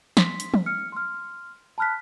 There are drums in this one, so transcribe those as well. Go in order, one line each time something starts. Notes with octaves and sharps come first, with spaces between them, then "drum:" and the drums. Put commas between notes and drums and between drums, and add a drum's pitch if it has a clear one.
C6 B6, drum: snare
drum: hi-hat
drum: tom
F6 C#7
C6 F6
A5 B5 F6 F#6 B6